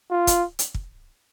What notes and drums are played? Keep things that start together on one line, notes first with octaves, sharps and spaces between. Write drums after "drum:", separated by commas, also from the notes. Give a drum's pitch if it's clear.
F4
drum: kick, hi-hat
drum: hi-hat
drum: kick